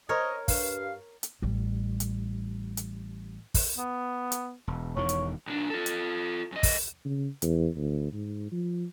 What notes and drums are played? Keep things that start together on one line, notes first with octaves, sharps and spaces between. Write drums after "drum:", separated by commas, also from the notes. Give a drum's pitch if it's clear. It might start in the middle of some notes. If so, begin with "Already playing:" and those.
A#4 C5 C#5 D#5
G2 F5, drum: kick, open hi-hat
drum: hi-hat
A1 G3
drum: hi-hat
drum: hi-hat
drum: kick, open hi-hat
B3
drum: hi-hat
E1
E1 E2 D#3 C#5
drum: hi-hat
B1 D4
F4 A4
drum: hi-hat
F#2 D#5
drum: kick, open hi-hat
C#3
E2, drum: hi-hat
D2
G#2
F3